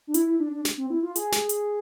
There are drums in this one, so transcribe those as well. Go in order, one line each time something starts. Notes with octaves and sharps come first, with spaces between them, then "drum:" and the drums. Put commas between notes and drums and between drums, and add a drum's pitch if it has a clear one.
D4
E4, drum: hi-hat
E4
D4
D4
drum: snare
C4
E4
F4
G#4, drum: hi-hat
drum: snare
drum: hi-hat